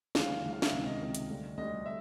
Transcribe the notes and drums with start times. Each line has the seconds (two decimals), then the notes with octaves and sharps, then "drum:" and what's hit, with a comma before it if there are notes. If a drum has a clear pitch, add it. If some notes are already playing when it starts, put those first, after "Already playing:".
0.15 D2 C#3 E3 G3 F5, drum: snare
0.44 D2 C#3 E3 G3
0.53 F5
0.62 E5, drum: snare
0.72 C#2 C3 D#3
0.86 D#5
1.01 C#2 C3 D#3
1.15 drum: hi-hat
1.29 D2 D3 G3
1.57 D2 D3 G3 D#5
1.86 E5